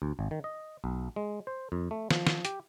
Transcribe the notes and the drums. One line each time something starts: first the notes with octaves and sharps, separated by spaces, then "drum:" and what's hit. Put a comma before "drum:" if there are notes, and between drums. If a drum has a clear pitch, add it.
D2
G#1
D#3
D#5
B1
G#3
C5
F2
A3
F3, drum: snare
drum: snare
G4, drum: hi-hat